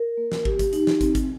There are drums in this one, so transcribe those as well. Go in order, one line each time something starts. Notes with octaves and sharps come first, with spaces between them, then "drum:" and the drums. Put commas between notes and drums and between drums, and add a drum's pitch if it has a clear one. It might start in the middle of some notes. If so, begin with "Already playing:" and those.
Already playing: A#4
A#3
drum: snare
G4, drum: kick
drum: kick, hi-hat
D#4, drum: hi-hat
drum: snare
C4, drum: kick, hi-hat
drum: kick, hi-hat